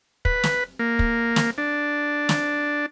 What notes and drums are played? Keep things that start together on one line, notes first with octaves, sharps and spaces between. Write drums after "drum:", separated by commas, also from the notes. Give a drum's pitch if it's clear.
B4, drum: kick
drum: snare
A#3
drum: kick
drum: snare
D4
drum: snare